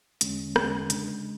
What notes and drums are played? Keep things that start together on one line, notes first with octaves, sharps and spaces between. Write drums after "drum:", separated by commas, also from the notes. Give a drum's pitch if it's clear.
E2 D3 G#3 C#4, drum: hi-hat
E2 D3 G#3 C#4, drum: rim click
C#3 G#3 D4, drum: hi-hat